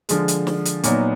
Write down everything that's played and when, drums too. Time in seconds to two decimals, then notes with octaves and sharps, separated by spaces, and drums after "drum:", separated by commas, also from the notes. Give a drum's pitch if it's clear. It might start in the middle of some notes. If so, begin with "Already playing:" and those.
0.09 D3 F3 G#3, drum: hi-hat
0.28 drum: hi-hat
0.47 drum: snare
0.65 drum: hi-hat
0.84 A#2 F#3 B3 D#4, drum: hi-hat